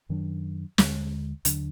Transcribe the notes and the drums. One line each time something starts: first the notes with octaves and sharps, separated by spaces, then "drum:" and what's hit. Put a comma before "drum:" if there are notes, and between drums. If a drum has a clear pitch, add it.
F#2 D#3 F#3 D4
D#2 D3 G#3, drum: snare
D#2 D3 F#3 D4, drum: hi-hat